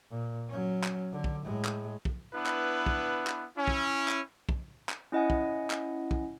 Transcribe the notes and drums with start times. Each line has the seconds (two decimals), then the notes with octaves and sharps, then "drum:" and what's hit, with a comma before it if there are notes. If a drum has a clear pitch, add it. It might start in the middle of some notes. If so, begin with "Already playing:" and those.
0.11 A#2
0.49 F#3 C#4
0.84 drum: clap
1.12 D3
1.24 drum: kick
1.44 A2 G#3
1.65 drum: clap
2.05 drum: kick
2.34 B3 D4 E4 B4
2.46 drum: clap
2.86 drum: kick
3.27 drum: clap
3.57 C#4 E4
3.68 drum: kick
4.08 drum: clap
4.49 drum: kick
4.89 drum: clap
5.12 C#4 E4 D#5 F#5 G#5
5.30 drum: kick
5.70 drum: clap
6.11 drum: kick